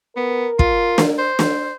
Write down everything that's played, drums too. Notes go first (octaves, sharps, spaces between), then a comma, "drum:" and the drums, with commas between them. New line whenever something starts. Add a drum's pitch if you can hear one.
B3 A#4
F4, drum: kick
drum: snare
C5
drum: snare